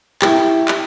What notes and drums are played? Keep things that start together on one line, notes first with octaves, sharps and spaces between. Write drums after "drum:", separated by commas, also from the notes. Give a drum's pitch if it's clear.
E4 G4, drum: clap
drum: clap